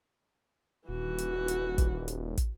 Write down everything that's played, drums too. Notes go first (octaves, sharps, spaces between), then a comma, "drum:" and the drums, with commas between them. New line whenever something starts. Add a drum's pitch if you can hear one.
D#1 E3 F#4
drum: hi-hat
drum: hi-hat
drum: kick, hi-hat
drum: hi-hat
drum: kick, hi-hat